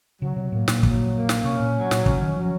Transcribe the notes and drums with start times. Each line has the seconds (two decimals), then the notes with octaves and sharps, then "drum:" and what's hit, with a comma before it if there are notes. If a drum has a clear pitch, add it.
0.21 C#3 F#3
0.36 C3
0.52 A2 A#3
0.68 A#2, drum: snare
0.83 F#3, drum: kick
1.14 A#3
1.29 drum: snare
1.44 C3 C#4
1.60 A#2
1.75 F#3
1.91 A#2, drum: snare
2.06 C#3 C#4, drum: kick
2.21 D#3
2.36 F3 F#3